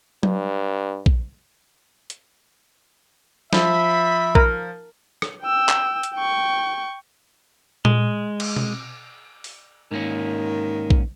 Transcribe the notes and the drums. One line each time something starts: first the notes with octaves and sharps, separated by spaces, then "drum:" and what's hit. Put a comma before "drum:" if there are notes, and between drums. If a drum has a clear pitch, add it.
G2, drum: tom F#3
drum: kick A#1
drum: hi-hat
F3 E5 B5, drum: snare
A#4, drum: kick A#1
drum: rim click
G5 E6
drum: clap
drum: hi-hat
G5 C#6
G#3, drum: tom A#2
drum: cymbal
drum: tom B2
drum: open hi-hat
G#2 D#3 A#3 C#4
drum: kick A#1